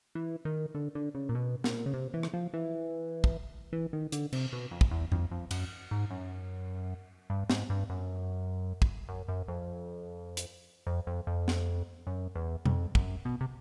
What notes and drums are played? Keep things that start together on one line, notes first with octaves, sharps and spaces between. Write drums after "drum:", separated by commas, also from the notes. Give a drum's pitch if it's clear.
E3
D#3
D3
D3
C#3
A#2
B2
A#2, drum: snare
C#3
C3
E3
drum: rim click
F3
E3
drum: kick
E3
D#3
D3, drum: hi-hat
C3, drum: cymbal
B2
F2
drum: kick
E2
F2, drum: tom F#2
F2
F#2, drum: cymbal
G#2
F#2
G2
G#2, drum: snare
G2
F#2
drum: kick
F#2
F#2
F2
drum: hi-hat
F2
F2
F2
drum: snare
F#2
E2
F2, drum: tom B2
F#2, drum: kick
B2
C3